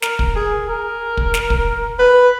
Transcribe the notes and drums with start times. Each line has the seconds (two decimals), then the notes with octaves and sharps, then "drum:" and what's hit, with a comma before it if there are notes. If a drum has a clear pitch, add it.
0.02 A#4, drum: snare
0.19 drum: kick
0.36 G#4
0.69 A#4
1.17 drum: kick
1.34 drum: snare
1.50 drum: kick
1.99 B4